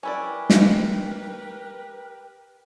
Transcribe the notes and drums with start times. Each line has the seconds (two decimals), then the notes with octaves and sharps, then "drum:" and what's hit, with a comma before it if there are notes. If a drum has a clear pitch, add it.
0.03 C#4 E4 G4 A#4 B4 D5
0.50 drum: snare